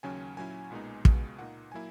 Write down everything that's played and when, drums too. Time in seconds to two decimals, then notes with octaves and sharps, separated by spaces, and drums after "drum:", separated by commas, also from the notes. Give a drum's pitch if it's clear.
0.03 D#2 C#3 F#3 C#4 G#5
0.37 A#2 F#3 C#4 E4 G#5
0.71 B1 A#2 G#3 B3 D#4
1.05 C#2 B2 G#3, drum: kick
1.38 A#2 A#3 D#4 F#5
1.72 F#3 A#3 E4 G#5